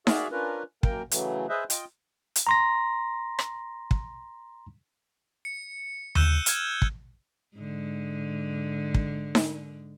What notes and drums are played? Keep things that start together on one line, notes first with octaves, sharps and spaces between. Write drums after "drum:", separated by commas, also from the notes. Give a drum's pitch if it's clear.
F#4 G#4 D5 E5 F5, drum: snare D#4
C#4 D4 F4 A#4 B4
F#2 A#3 A#4 G5, drum: kick
C#3 E3 F#3 A3, drum: hi-hat
G#4 B4 C5 D#5 E5
F4 D#5 G5, drum: hi-hat
drum: hi-hat
A#5 C6 A#6
drum: rim click
drum: kick
C#7
E6 F#6 G6 D#7 E7 G7, drum: tom D#2
F6 G#6, drum: hi-hat
drum: kick
G#2 D3
drum: kick
drum: snare D#4